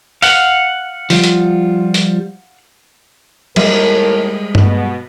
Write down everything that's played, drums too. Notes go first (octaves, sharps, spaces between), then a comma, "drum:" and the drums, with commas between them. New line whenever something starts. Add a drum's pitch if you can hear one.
F5 F#5, drum: open hi-hat
F3 G3 F4, drum: open hi-hat
drum: hi-hat
drum: hi-hat
D#2 A2 G3 G#3 A#4 E5, drum: cymbal
B2 B3, drum: tom G2